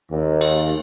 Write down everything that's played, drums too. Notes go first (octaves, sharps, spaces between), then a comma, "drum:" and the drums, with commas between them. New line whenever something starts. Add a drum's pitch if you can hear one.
D#2
drum: cymbal